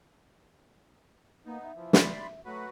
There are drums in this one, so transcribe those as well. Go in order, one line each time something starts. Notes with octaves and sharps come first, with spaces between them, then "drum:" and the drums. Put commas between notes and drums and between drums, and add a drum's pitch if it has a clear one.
A#3 B3 D#4
E5
E3 F3
D5 B5 C6, drum: snare
F#3 A3 F#4 B4